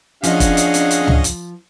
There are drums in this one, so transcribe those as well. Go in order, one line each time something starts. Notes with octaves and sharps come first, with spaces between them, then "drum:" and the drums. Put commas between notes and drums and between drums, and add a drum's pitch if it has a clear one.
F3 C#4 D4 G#4 D#5 F5 F#5, drum: hi-hat
drum: kick, hi-hat
drum: hi-hat
drum: hi-hat
drum: hi-hat
drum: tom C#2
drum: hi-hat